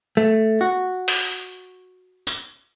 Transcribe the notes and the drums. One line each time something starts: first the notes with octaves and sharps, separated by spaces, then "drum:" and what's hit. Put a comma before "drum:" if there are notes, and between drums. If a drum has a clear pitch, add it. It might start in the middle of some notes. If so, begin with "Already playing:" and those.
A3
F#4
drum: open hi-hat
drum: tambourine